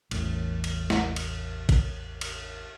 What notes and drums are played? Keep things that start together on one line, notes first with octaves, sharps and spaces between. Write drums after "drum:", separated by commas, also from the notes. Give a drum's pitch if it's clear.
A1 E2, drum: cymbal
drum: cymbal
drum: snare
drum: cymbal
drum: kick, cymbal
drum: cymbal